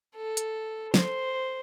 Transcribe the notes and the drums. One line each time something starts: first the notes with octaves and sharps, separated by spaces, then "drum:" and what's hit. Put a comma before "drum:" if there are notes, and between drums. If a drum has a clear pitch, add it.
A4
drum: hi-hat
C5, drum: snare